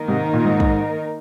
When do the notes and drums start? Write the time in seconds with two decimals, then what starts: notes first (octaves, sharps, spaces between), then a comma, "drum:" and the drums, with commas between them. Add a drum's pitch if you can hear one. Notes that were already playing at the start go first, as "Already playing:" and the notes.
Already playing: D#3 A#3 D#4 A#4
0.08 G#2 C3
0.33 A#2
0.45 G#2
0.60 drum: kick